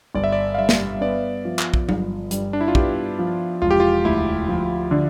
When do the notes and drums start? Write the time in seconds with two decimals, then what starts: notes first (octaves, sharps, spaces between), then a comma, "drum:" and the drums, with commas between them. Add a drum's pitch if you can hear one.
0.15 G1 D5
0.24 E5
0.32 D5
0.55 F5
0.58 G2 E5
0.69 drum: snare
1.01 B3 D5
1.45 F3
1.59 drum: clap
1.74 drum: kick
1.89 G1, drum: tom F#3
2.31 G2, drum: hi-hat
2.53 D4
2.61 E4
2.68 F4
2.75 B3 G4, drum: kick
3.19 F3
3.61 E1 F4
3.71 G4
3.80 F4
4.05 D2 E4
4.48 F3
4.91 D3